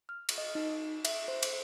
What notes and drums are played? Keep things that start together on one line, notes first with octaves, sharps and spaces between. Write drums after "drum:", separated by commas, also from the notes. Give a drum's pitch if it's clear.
F6
drum: cymbal
D#5
D#4
E5, drum: cymbal
C5
drum: cymbal